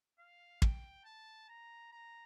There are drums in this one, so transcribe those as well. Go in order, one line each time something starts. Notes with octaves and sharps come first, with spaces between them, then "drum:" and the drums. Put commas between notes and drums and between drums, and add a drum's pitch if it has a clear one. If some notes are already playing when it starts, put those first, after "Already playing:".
F5
G5, drum: kick
A5
A#5
A#5